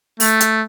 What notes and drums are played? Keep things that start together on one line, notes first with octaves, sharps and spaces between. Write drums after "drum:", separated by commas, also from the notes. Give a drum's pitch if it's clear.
A3, drum: open hi-hat
drum: hi-hat